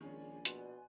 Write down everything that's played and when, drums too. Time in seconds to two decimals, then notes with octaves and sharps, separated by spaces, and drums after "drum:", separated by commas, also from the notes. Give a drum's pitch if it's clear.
0.01 A#1 D#3 G#3 C#4 D5 G#5
0.45 B2 C6 F#6, drum: hi-hat